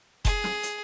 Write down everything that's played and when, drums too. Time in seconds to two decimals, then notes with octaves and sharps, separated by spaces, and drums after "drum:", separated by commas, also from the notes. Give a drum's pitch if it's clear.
0.25 G#4, drum: kick F1, hi-hat
0.44 drum: snare
0.63 drum: hi-hat